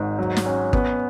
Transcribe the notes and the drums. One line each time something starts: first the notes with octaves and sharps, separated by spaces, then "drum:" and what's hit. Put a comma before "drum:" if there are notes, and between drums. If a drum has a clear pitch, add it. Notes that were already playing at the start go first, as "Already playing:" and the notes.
Already playing: G#1 G#2
F#3
drum: snare
C#4
B3, drum: kick